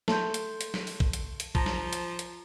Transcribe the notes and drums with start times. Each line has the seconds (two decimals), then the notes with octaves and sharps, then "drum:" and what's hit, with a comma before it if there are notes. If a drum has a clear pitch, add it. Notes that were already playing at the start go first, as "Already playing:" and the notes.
0.08 A3 A5 C6 G6, drum: snare
0.34 drum: hi-hat
0.61 drum: hi-hat
0.74 drum: snare
0.87 drum: open hi-hat
1.00 drum: kick A#1
1.13 drum: hi-hat
1.40 drum: hi-hat
1.55 F3 A5 A#5 A#6, drum: kick A#1
1.66 drum: snare
1.93 drum: hi-hat
2.19 drum: hi-hat